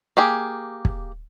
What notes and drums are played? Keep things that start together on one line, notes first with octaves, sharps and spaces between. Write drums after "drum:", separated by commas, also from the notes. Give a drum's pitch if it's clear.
A#3 G4 G#4
drum: kick